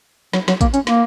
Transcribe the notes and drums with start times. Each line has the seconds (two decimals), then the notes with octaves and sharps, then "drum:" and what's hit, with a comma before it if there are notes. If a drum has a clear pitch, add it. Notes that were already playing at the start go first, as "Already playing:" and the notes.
0.33 F#3, drum: snare
0.48 F#3, drum: snare
0.61 A#3, drum: kick, hi-hat
0.74 C#4, drum: hi-hat
0.87 A#3, drum: snare